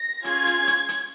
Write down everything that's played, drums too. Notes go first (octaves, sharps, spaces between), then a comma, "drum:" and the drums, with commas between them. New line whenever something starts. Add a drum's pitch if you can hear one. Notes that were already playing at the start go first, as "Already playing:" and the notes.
Already playing: A#6
C#4 F4 G#4 G#6, drum: hi-hat
drum: hi-hat
drum: hi-hat
drum: hi-hat